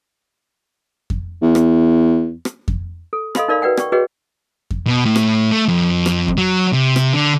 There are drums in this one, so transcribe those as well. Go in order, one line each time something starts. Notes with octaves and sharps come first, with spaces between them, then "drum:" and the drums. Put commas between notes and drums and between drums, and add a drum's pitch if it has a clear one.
drum: kick F2
E2
drum: rim click
drum: rim click
drum: kick F2
A4
A4 D#5 F5 B5 C6, drum: rim click
D#4 A#4 D5 F5 B5
F#4 B4 D5 F#5 G5
D5 G5 C#6, drum: rim click
F#4 G#4 B4 C#5 D#5 G5
drum: kick F2
B2
A2
drum: rim click
A3
F2
drum: rim click
drum: kick F2
F#3
C3
drum: rim click
D3